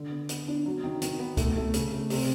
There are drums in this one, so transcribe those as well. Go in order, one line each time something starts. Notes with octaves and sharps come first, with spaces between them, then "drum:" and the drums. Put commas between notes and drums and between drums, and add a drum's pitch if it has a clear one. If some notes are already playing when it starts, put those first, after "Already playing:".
Already playing: D3
B3
B3, drum: hi-hat
D4
F#3
D#3
D#3, drum: hi-hat
B3
A3, drum: kick C#2, hi-hat
A3
C#3, drum: hi-hat
A3
C3, drum: open hi-hat